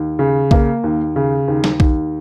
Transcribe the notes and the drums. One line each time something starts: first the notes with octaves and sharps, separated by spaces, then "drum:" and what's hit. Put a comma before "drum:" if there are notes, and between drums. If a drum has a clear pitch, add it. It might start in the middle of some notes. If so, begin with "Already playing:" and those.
Already playing: D#2
C#3
A#3, drum: kick A#1
D#2
C#3
D#2
drum: snare
D#2, drum: kick A#1